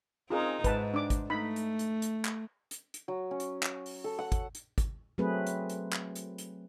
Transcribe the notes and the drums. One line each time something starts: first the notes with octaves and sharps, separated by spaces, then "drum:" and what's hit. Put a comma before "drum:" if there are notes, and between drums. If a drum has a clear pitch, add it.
C4 D#4 F4 G#4 A#4
G#2 B4 A5, drum: kick, hi-hat
D4 D6
drum: kick, hi-hat
A3 D#4 B5
drum: hi-hat
drum: hi-hat
drum: hi-hat
drum: clap
drum: hi-hat
drum: hi-hat
F#3
C#4
drum: hi-hat
drum: clap
drum: open hi-hat
A4
F#5
drum: kick, hi-hat
drum: hi-hat
drum: kick, hi-hat
F#3 A3 C4 G#4 B4
drum: hi-hat
drum: hi-hat
drum: clap
drum: hi-hat
drum: hi-hat